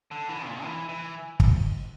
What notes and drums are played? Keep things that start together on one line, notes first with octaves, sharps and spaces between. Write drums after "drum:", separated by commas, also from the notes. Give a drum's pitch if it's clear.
D3
E3
A#2
E3
E3
drum: kick